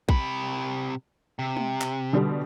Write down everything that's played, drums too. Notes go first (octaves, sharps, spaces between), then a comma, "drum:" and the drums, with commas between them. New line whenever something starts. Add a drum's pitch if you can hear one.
C3 B5, drum: kick
C3
drum: tom
drum: clap
B2 D3 G3